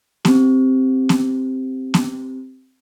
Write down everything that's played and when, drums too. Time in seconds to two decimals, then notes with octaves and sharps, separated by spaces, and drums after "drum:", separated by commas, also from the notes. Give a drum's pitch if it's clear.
0.25 C4 G4, drum: snare B3
1.09 drum: snare B3
1.94 drum: snare B3